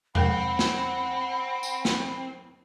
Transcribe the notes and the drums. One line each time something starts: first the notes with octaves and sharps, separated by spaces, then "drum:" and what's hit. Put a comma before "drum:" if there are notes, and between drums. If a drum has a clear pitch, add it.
G#3 C4 A#4 F#5 G5 B5, drum: tom E2
drum: snare
drum: tambourine
drum: snare